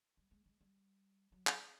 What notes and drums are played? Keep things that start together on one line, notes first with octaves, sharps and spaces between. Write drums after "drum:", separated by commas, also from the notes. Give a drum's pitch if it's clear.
G3
G#3
G#3
G3
F#3
drum: clap